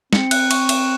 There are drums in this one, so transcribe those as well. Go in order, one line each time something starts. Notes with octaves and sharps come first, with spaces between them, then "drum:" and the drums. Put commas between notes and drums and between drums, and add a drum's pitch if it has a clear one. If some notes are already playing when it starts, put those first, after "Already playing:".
C4 C#7, drum: snare
F#6, drum: cymbal
C#6, drum: cymbal
E7, drum: cymbal